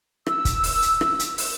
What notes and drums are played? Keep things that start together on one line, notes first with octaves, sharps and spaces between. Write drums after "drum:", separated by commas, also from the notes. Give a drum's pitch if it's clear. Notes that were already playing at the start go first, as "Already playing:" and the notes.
E6, drum: rim click
drum: kick, hi-hat
drum: open hi-hat
drum: hi-hat
drum: rim click
drum: hi-hat
drum: open hi-hat